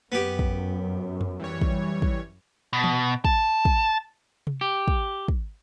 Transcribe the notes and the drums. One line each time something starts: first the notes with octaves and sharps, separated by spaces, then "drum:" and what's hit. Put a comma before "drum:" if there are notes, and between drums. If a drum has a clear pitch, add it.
F#2 B3 G4
drum: kick
drum: tom F2
E3 G3 C#5
drum: kick
drum: kick
B2
drum: tom E3
A5, drum: kick
drum: kick
drum: tom C3
G4
drum: kick
drum: kick